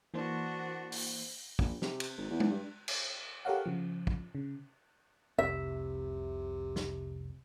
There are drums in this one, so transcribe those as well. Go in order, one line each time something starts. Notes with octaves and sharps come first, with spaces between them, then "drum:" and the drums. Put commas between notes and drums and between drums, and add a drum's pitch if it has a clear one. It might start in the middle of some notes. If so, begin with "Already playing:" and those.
E3 A#3 D4 F#4 C5
drum: open hi-hat
A#1, drum: kick
C3, drum: snare
drum: cymbal
G#1
E2
drum: tom G#3
G2
drum: cymbal
G4 A4 A#4 C#5 F5 F#5
C#3 F3
drum: kick
C#3
F1 C2 C3 E5
drum: snare